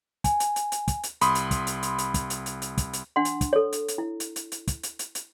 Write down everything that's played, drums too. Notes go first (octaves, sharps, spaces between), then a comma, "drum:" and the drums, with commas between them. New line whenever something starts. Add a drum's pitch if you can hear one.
G#5, drum: kick, hi-hat
drum: hi-hat
drum: hi-hat
drum: hi-hat
drum: kick, hi-hat
drum: hi-hat
C2 B5 C6 D#6, drum: hi-hat
drum: hi-hat
drum: kick, hi-hat
drum: hi-hat
drum: hi-hat
drum: hi-hat
drum: kick, hi-hat
drum: hi-hat
drum: hi-hat
drum: hi-hat
drum: kick, hi-hat
drum: hi-hat
D4 F#5 C6
drum: hi-hat
drum: kick, hi-hat
A4 C#5
drum: hi-hat
drum: hi-hat
E4
drum: hi-hat
drum: hi-hat
drum: hi-hat
drum: kick, hi-hat
drum: hi-hat
drum: hi-hat
drum: hi-hat